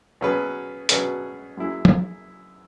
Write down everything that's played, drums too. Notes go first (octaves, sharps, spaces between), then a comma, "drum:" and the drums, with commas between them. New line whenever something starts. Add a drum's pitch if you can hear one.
B2 F#3 C#4 G#4 B4
B2 F#3 C#4 G#4 B4, drum: hi-hat
F#2 F#3 E4 G#4
drum: tom